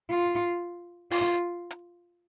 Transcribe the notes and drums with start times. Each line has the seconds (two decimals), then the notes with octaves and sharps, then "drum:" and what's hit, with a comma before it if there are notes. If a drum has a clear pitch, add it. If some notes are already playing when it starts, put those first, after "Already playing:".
0.10 F4
1.11 F4, drum: open hi-hat
1.71 drum: hi-hat